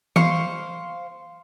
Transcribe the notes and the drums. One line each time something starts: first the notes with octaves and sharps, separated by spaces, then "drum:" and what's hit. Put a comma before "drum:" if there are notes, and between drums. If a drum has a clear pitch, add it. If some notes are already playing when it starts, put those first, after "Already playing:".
C5 F5 C6 C#6, drum: tom